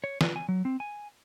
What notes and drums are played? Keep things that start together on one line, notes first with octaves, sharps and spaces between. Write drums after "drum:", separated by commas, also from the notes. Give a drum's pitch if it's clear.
C#5
B4, drum: snare
G#5
F#3
C4
G#5